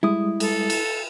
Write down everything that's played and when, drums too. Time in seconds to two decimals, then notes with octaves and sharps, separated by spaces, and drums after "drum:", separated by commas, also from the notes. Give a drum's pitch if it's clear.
0.03 G3 G#3 E4 D#6
0.40 A4, drum: cymbal
0.70 drum: cymbal